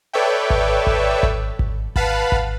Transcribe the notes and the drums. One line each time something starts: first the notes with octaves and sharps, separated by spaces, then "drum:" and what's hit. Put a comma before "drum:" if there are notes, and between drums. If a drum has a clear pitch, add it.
A4 B4 C#5 D5 E5 G5
drum: kick G#1
drum: kick G#1
drum: kick G#1
drum: kick G#1
B4 F5 F#5 A5 B5, drum: kick G#1
drum: kick G#1